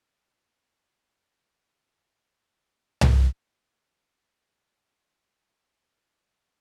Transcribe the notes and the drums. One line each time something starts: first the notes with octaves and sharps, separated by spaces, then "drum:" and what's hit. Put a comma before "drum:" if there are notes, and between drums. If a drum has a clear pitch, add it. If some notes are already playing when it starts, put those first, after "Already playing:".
B4
D#5
D5
G5
G4
G4
F5
B4
drum: tom C2
F#4
B6
A4
B6
G#5